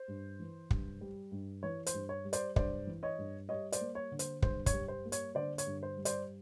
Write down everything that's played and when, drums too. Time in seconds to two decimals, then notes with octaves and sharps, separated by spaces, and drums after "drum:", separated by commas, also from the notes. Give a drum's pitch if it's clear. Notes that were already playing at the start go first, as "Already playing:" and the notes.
Already playing: C5
0.08 G2
0.40 E3
0.71 G2, drum: kick
1.01 G3
1.32 G2
1.63 E3 C#5
1.86 C5, drum: hi-hat
1.94 G2
2.09 C#5
2.25 G3
2.33 C5 D5, drum: hi-hat
2.56 G2 C5 D5, drum: kick
2.87 E3
3.03 C#5 D#5
3.18 G2
3.49 G3 C#5 D#5
3.72 C5 D5, drum: hi-hat
3.81 A#3
3.95 C#5
4.12 D3
4.19 C5, drum: hi-hat
4.42 G2 C5, drum: kick
4.66 C#5, drum: kick, hi-hat
4.73 G3
4.88 C5
5.05 A#3
5.12 C#5, drum: hi-hat
5.35 D3 C5 D5
5.58 C#5, drum: hi-hat
5.67 G2
5.83 C5
5.97 G3
6.05 C5 D5, drum: hi-hat